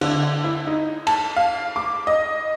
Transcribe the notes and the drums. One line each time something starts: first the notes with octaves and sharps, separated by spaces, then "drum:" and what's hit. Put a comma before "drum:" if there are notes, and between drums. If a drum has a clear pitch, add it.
D3, drum: cymbal
E4
D#4
A5, drum: cymbal
F5
D6
D#5